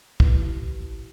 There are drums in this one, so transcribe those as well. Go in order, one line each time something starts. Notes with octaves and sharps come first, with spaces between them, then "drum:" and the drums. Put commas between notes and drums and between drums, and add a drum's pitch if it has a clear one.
A1, drum: kick